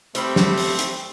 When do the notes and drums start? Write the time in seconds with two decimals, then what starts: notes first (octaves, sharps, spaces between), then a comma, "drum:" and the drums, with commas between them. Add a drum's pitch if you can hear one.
0.15 G3 A3 B3 C4, drum: hi-hat
0.36 drum: snare
0.58 drum: open hi-hat
0.79 drum: hi-hat